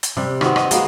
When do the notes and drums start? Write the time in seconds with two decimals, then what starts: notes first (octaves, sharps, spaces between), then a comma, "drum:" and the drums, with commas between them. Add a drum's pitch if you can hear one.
0.03 drum: hi-hat
0.17 C3 G3
0.41 D#3 B3 C4 F#4, drum: rim click
0.56 D#5, drum: rim click
0.71 G#3 A#3 B3 F#4, drum: hi-hat